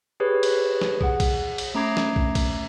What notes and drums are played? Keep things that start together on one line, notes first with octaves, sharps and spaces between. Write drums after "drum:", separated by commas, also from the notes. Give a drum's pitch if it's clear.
G4 G#4 B4 C#5
drum: cymbal
drum: snare
G#4 F#5, drum: kick
drum: kick, cymbal
drum: cymbal
A3 C#4 A#5 D6 G#6 C7
drum: snare
drum: kick
drum: kick, cymbal